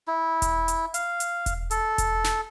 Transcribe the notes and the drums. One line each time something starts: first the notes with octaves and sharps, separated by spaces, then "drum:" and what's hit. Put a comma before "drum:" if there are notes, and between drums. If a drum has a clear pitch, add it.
E4
drum: kick E1, hi-hat
drum: hi-hat
F5, drum: hi-hat
drum: hi-hat
drum: kick E1, hi-hat
A4, drum: hi-hat
drum: kick E1, hi-hat
drum: snare